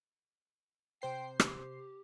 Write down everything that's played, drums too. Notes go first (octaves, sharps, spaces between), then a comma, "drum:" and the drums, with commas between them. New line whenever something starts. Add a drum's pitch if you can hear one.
C3 C5 G5 C7
G4, drum: rim click